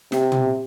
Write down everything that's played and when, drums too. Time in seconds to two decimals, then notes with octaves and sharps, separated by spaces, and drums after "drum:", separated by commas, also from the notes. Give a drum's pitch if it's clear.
0.12 C3, drum: snare
0.32 drum: tom